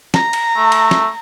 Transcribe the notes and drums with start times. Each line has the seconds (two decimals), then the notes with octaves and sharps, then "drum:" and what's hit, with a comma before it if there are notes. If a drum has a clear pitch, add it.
0.14 A#5, drum: snare
0.33 drum: cymbal
0.57 A3
0.72 drum: cymbal
0.91 drum: snare